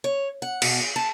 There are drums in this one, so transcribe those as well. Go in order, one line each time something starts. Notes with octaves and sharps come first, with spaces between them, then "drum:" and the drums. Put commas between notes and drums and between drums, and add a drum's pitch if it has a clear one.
C#5
F#5
B2, drum: cymbal
G#4
A5